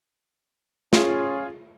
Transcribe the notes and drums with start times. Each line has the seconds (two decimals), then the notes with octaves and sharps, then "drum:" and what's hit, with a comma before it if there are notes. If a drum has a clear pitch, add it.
0.93 C#4 F4 G#4, drum: snare